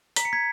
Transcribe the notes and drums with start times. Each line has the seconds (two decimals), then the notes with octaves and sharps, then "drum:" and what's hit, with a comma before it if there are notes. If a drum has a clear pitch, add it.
0.16 A#5 B6, drum: hi-hat
0.25 C#7
0.33 G#6 B6